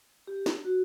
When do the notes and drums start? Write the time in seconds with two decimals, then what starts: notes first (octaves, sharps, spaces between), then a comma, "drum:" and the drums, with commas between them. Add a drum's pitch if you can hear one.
0.27 G4
0.46 drum: snare
0.65 F#4